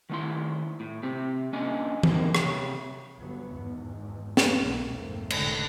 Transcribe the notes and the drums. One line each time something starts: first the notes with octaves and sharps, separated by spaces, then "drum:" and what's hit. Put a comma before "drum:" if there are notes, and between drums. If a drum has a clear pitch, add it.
D#3 A3 E4 C6
A2
C3 C4 G4
A#3 C#4 D4 D#5 G#5
G2 B2 D3 D#3 A#3 C4, drum: tom
C3 G4 C#5, drum: rim click
G1 G2 F#3 B3
G#1 E2 G#2
drum: snare
B1 B2 G#3 A#3 B3
F2 G#2 A3 A#3 C4
F1 C#2 A2 D3 D#3, drum: cymbal